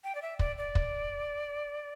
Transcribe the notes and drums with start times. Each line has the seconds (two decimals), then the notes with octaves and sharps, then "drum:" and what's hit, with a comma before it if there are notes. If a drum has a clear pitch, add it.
0.04 G5
0.15 D5
0.22 E5
0.39 D5, drum: kick
0.58 D5
0.75 drum: kick